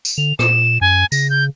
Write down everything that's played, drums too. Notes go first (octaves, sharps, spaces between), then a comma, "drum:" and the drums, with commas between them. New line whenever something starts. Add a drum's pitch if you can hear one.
drum: tambourine
D3 F7
A#2 E7, drum: rim click
F#2 G#5
C#3 A#6, drum: tambourine
G6